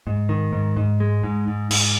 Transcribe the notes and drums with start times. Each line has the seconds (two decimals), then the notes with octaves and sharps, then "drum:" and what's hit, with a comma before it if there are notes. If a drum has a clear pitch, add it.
0.07 G#2
0.29 D#3
0.53 G#2
0.77 G#2
1.00 G#3
1.24 G#2
1.47 G#2
1.71 G#2, drum: cymbal